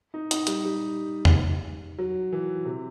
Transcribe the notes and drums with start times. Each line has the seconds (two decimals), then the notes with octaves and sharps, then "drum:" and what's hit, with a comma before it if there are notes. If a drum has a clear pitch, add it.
0.14 D#4
0.31 D#4, drum: hi-hat
0.47 G3, drum: hi-hat
0.65 G3
1.25 drum: tom E2
1.98 F#3
2.32 E3
2.66 C3